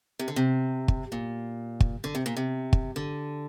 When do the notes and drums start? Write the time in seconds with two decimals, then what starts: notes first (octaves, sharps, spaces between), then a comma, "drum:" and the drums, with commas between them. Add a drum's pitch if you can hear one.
0.19 C3
0.28 D3
0.36 C3
0.88 drum: kick
1.12 A#2
1.80 drum: kick
2.04 D3
2.15 C3
2.26 A#2
2.37 C3
2.73 drum: kick
2.96 D3